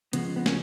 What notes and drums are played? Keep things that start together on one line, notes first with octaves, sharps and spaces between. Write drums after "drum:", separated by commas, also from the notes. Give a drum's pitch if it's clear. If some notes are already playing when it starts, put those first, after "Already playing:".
C#3 F3 G#3 B3, drum: hi-hat
B3
C#4, drum: snare